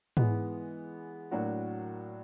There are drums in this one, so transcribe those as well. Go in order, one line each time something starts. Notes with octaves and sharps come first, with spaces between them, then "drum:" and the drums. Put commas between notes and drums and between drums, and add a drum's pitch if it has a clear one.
E3 G#3 B3, drum: tom G#2
A2 F#3 A#3 D4 F#4